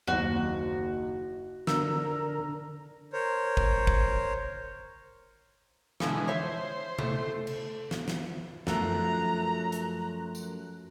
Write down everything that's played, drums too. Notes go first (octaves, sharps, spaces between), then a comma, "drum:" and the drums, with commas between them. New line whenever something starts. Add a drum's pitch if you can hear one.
F#1 D#2 F#4
D3 A#4 E6, drum: snare
A#4 C5 C#5
drum: kick
drum: kick
B2 D3 E3 F3 G#3, drum: snare
C5 C#5 E5
A3, drum: tom C3
drum: cymbal
drum: snare
drum: snare
F#2 F3 A3 A#5 F#6, drum: snare
drum: hi-hat
drum: tambourine